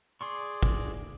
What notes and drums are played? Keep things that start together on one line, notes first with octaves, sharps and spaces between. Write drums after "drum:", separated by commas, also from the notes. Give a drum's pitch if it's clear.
G#4 D5 C6 C#6
drum: kick